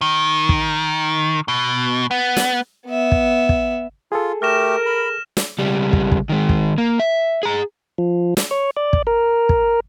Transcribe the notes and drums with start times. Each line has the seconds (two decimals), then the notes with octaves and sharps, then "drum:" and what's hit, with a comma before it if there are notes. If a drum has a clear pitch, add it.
0.01 D#3
0.49 drum: kick
1.48 B2
2.11 B3
2.37 drum: snare
2.87 B3 E5
3.12 drum: kick
3.49 drum: kick
4.12 F4 G#4 A4
4.42 A3 G4 A#4 F6 A#6 E7
4.86 B5
5.37 drum: snare
5.59 C#2 G3
5.93 drum: kick
6.12 drum: kick
6.29 D#3 G#3
6.49 drum: kick
6.78 A#3
6.99 E5
7.43 G#4 A#5
7.98 F3
8.37 drum: snare
8.51 C#5
8.77 D5
8.93 drum: kick
9.07 A#4
9.49 drum: kick